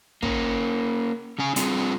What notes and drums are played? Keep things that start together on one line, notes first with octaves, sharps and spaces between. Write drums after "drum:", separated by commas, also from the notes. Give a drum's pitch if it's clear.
A#3 C#4, drum: kick
C#3 C#4 G#5
G3 C4 D4 F4 G#4, drum: hi-hat